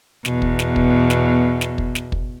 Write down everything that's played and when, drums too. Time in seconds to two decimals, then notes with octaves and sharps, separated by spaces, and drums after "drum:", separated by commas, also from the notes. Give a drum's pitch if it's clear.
0.25 E2 B2, drum: snare
0.42 drum: kick
0.59 drum: snare
0.76 drum: kick
1.10 drum: snare
1.61 drum: snare
1.78 drum: kick
1.95 drum: snare
2.12 drum: kick